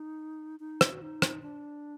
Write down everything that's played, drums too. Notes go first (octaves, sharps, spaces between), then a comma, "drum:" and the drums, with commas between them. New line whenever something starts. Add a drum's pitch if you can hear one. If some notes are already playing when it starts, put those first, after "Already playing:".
Already playing: D#4
D#4
drum: rim click
F#4
D#4
drum: rim click
D4